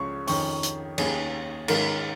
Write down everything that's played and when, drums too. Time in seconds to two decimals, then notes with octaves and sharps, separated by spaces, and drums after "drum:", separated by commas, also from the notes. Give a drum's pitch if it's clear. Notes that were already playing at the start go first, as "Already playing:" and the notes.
Already playing: C#2 C#3 F3 C#4 C#6
0.27 F2 D#3 C#4 C#6, drum: open hi-hat
0.63 drum: hi-hat
0.98 D#2 D#3 C#4 G#4, drum: cymbal
1.68 G#2 D#3 C#4 A#4, drum: cymbal